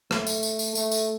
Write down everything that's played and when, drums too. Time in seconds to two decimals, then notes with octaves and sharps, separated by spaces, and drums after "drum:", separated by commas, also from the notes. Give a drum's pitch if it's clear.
0.11 A3, drum: rim click
0.27 drum: tambourine
0.43 drum: tambourine
0.59 drum: tambourine
0.75 A3, drum: tambourine
0.91 drum: tambourine